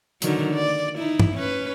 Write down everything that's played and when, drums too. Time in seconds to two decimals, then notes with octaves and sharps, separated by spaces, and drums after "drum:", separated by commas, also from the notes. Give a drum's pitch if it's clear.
0.22 D3 D#3 F#3, drum: hi-hat
0.54 D5
0.98 D#4 E4
1.20 drum: tom
1.34 C#4 B4